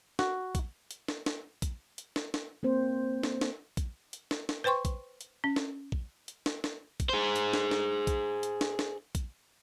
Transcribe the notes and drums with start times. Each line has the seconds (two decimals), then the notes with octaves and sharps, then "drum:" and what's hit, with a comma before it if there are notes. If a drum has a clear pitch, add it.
0.19 F#4, drum: snare
0.55 drum: kick A#1, hi-hat
0.91 drum: hi-hat
1.08 drum: snare
1.26 drum: snare
1.62 drum: kick A#1, hi-hat
1.98 drum: hi-hat
2.16 drum: snare
2.34 drum: snare
2.63 A#3 C4 C5
3.23 drum: snare
3.41 drum: snare
3.77 drum: kick A#1, hi-hat
4.13 drum: hi-hat
4.31 drum: snare
4.49 drum: snare
4.64 B4 C5 G5 C6 C#6
4.85 drum: kick A#1, hi-hat
5.21 drum: hi-hat
5.44 C#4
5.56 drum: snare
5.92 drum: kick A#1
6.28 drum: hi-hat
6.46 drum: snare
6.64 drum: snare
7.00 drum: kick A#1, hi-hat
7.09 G#4 C5
7.36 drum: hi-hat
7.53 drum: snare
7.71 drum: snare
8.07 drum: kick A#1, hi-hat
8.43 drum: hi-hat
8.61 drum: snare
8.79 drum: snare
9.15 drum: kick A#1, hi-hat